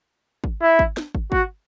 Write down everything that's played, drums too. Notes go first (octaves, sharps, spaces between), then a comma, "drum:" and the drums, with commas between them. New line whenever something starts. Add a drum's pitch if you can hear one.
drum: kick
E4
drum: kick
drum: snare
drum: kick
F#4, drum: kick